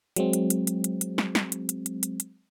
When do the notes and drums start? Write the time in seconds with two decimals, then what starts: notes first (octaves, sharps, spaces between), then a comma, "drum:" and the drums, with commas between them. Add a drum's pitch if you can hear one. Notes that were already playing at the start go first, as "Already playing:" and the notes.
0.16 F#3 G#3 C4, drum: hi-hat
0.33 drum: hi-hat
0.50 drum: hi-hat
0.67 drum: hi-hat
0.84 drum: hi-hat
1.01 drum: hi-hat
1.18 drum: snare
1.35 drum: snare
1.52 drum: hi-hat
1.69 drum: hi-hat
1.86 drum: hi-hat
2.03 drum: hi-hat
2.20 drum: hi-hat